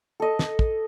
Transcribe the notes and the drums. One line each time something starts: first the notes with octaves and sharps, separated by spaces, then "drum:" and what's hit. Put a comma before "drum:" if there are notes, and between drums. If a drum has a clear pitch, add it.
A4 D#5
drum: snare
drum: kick